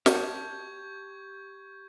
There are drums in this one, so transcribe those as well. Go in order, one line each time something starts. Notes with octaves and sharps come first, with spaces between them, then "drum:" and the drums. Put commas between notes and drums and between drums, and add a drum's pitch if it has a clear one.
G4 A5 C#6 G6 G#6, drum: snare